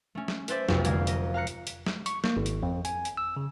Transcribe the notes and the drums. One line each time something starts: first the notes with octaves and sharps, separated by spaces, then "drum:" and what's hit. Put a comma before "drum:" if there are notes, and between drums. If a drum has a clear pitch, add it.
A3 C#4
drum: snare
A4 B4 C5 D5 E5, drum: hi-hat
F1 B1 F2, drum: snare
D3 G#3 A#3 F5 G#6, drum: hi-hat
D#5, drum: hi-hat
F5 A#5 F#6 C#7
drum: hi-hat
drum: hi-hat
drum: snare
C#6, drum: hi-hat
A#3, drum: snare
G#1
drum: hi-hat
F2
G#5, drum: hi-hat
drum: hi-hat
E6
C#3